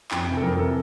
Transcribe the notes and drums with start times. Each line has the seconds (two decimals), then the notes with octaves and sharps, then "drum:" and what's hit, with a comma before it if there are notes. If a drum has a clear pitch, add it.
0.11 F2 G5, drum: clap
0.27 C3 E3 G5
0.37 A4
0.42 F2 A#4, drum: tom F3
0.59 C3 E3 A4